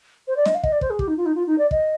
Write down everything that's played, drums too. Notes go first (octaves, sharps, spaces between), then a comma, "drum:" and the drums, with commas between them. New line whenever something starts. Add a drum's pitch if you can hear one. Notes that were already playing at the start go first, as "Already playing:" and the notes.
C5
D5
D#5, drum: snare
F5
D#5, drum: kick
D5
C5, drum: kick
G#4
G4, drum: kick
D#4
F4
D#4
F4
D#4
D5
D#5, drum: kick